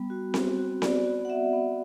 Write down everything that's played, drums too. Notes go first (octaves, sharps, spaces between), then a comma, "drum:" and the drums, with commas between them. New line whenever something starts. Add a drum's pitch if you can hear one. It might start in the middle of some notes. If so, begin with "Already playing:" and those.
Already playing: G3 B3
F#4
C4, drum: snare C4
F#4
B3 D5, drum: snare C4
F#4
F#5
B3 E5
B3